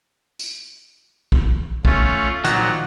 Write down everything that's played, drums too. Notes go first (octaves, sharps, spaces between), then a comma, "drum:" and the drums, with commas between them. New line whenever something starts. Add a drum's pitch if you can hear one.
drum: tambourine
drum: kick
A3 C#4 F4, drum: kick
A#2 D#3 F3 F#3 F#4, drum: hi-hat